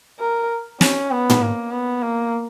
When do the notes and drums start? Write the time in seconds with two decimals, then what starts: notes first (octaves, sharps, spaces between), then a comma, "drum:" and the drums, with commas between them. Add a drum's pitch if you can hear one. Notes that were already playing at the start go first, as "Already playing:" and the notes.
0.19 A#4
0.81 C#4, drum: snare
1.11 B3
1.30 drum: tom
1.42 A#3
1.71 B3
2.02 A#3